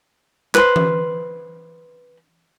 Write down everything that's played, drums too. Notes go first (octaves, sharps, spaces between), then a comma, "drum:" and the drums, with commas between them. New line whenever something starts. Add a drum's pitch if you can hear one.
B4 C5, drum: clap
drum: tom E3